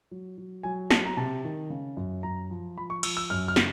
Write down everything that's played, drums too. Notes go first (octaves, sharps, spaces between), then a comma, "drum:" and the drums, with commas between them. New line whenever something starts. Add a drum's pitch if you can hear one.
F#3
F#3
F#3 G#5
F#3 A5, drum: snare
A#5
C3 A5
D#3
C#3
F#2
F#2 A#5
F3
F3 B5
C#6
F3 E6, drum: cymbal
E6
F#2 F6
F6
C#3, drum: snare